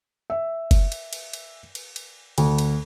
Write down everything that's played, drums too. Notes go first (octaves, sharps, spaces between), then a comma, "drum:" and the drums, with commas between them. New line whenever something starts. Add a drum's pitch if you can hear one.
E5
drum: kick F#1, cymbal
drum: cymbal
drum: cymbal
drum: cymbal
drum: cymbal
drum: cymbal
D2, drum: cymbal
drum: cymbal